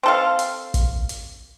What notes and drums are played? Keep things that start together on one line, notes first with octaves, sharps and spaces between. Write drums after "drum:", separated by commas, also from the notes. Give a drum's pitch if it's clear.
C4 A4 F5
drum: hi-hat
drum: kick, hi-hat
drum: hi-hat